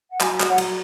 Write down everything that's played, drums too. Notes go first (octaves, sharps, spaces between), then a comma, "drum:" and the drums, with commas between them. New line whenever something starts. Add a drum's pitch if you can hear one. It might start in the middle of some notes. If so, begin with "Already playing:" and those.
F#5
F#3 D#5 G#5, drum: clap
F#3, drum: clap
C#5 F#5
F#3, drum: cymbal